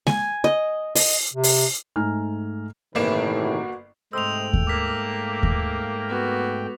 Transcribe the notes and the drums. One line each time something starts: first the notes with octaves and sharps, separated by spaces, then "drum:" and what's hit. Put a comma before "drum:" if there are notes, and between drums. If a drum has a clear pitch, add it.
G#5, drum: snare G#3
D#5
D#5, drum: open hi-hat
C3
drum: open hi-hat
G#2 A3 G#5 A#5 F6
G1 A2 C3 D#3 E3 A#3 B4 E7
F#4
G#2 C3 A3 C5 D#5 G5 E6 F7
drum: kick D#2
A#3 D6 B6
drum: kick D#2
B3 F#4